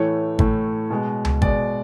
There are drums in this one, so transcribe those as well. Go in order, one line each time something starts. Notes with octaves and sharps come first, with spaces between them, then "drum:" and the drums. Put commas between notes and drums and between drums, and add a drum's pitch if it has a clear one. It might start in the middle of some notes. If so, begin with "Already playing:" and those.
Already playing: A2 E3 A3 C#5
A2 E3 A3, drum: kick
B2 G#3
drum: tom C#2
B2 G#3 D5, drum: kick